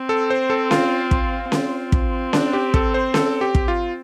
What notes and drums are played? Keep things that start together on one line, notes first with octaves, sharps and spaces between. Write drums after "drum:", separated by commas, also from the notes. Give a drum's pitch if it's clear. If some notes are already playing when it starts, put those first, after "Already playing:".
Already playing: C4
A4
C5
A4
F4, drum: snare C#4
drum: kick
C4, drum: snare C#4
drum: kick
D4, drum: snare C#4
G4
A4, drum: kick
C5
A4, drum: snare C#4
G4
drum: kick
F4